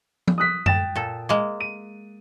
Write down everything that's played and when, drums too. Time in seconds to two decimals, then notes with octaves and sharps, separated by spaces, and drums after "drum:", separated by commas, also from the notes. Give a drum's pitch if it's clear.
0.28 drum: tom F3
0.38 D#6 F#6 B6
0.66 G5 A6 E7, drum: tom F#2
0.96 A#2 A4
1.29 G#3 A#3
1.60 D#7